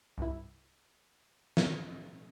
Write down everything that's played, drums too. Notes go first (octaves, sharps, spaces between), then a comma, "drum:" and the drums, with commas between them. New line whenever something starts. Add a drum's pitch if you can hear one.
C2 G2 E4
drum: snare